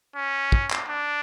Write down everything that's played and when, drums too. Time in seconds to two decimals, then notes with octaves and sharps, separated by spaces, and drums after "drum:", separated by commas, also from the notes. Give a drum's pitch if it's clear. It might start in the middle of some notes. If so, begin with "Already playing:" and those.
0.16 C#4
0.52 drum: kick
0.71 drum: clap
0.89 D4